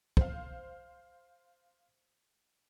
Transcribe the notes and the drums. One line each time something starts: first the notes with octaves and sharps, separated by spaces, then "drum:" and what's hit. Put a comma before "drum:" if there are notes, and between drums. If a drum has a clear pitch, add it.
C5 F5, drum: kick